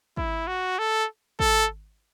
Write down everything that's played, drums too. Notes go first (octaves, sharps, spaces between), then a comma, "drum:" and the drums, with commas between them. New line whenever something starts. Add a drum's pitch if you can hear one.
E4, drum: kick
F#4
A4
A4, drum: kick